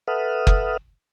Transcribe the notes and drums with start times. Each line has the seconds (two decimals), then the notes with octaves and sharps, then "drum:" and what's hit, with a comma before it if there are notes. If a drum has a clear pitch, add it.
0.08 A4 B4 E5 F#5 D#6 F6
0.47 drum: kick F#1